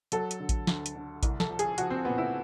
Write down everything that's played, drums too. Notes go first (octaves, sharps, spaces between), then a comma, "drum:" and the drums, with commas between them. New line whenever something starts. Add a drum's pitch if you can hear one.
F#3 A4, drum: hi-hat
drum: hi-hat
D3
drum: kick A1, hi-hat
D2, drum: snare
drum: hi-hat
D3
C2, drum: kick A1, hi-hat
A4, drum: snare
F3
G#4, drum: hi-hat
F3 F#4, drum: hi-hat
C4
A#2 B3
E4